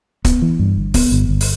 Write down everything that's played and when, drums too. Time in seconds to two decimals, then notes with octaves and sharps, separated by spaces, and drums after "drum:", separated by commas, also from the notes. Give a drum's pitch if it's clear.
0.25 B3, drum: kick, hi-hat
0.42 E3
0.59 G2
0.77 G1
0.94 B3, drum: kick, open hi-hat
1.12 G1
1.29 G1
1.41 drum: open hi-hat